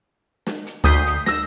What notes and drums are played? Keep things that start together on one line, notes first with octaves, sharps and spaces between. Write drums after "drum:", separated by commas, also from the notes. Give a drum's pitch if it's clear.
drum: snare
drum: hi-hat
D2 D#6 G6 B6 C7, drum: snare
drum: hi-hat
E6 A#6, drum: snare